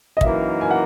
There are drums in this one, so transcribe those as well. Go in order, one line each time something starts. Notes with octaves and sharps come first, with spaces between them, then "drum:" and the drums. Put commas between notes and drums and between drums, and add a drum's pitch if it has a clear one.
D#5
F#2 E3 A#3 D#4 E5, drum: kick
G#5
F#5